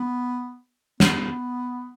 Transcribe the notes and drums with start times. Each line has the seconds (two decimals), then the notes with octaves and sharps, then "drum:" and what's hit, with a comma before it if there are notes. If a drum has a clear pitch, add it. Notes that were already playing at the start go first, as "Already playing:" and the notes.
Already playing: B3
1.00 B3, drum: snare